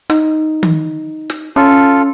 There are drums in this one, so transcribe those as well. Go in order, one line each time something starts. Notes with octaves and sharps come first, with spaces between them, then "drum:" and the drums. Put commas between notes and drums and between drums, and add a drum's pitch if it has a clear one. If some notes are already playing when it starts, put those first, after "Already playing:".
D#4, drum: snare
drum: tom D#3
drum: snare
C#4 F4 A4